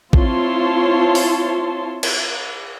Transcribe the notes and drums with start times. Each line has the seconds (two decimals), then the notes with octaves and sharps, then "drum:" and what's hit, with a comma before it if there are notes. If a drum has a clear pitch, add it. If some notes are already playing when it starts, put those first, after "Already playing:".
0.13 C4 E4 F4 C#5 A5 C6, drum: kick
1.15 drum: open hi-hat
2.03 drum: cymbal